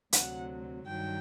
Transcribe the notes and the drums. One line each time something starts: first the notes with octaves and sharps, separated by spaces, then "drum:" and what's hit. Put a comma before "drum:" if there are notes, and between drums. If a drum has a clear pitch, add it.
D2 C3 F#3 F#5, drum: hi-hat
G2 D#3 F#3 G5